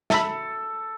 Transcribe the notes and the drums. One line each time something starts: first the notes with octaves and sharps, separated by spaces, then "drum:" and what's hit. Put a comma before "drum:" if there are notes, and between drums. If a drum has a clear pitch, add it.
A4 E5 B5, drum: snare